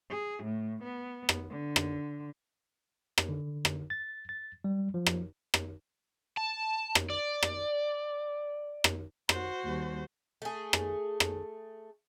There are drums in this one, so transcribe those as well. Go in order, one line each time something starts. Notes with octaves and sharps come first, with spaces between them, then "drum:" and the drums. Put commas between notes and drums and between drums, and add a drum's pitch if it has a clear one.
G#4
A2
B3
drum: rim click
D3
drum: rim click
drum: rim click
D3
drum: rim click
A6
A6
G3
F3
drum: rim click
drum: rim click
A5
drum: rim click
D5
drum: rim click
drum: rim click
F#4 C5, drum: rim click
D#2 G3
A3 G#4
drum: rim click
drum: rim click